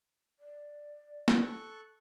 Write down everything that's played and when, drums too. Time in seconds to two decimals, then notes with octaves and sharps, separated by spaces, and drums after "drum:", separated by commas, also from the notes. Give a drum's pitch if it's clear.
0.40 D5
1.28 drum: snare
1.42 A4 C#6 F#6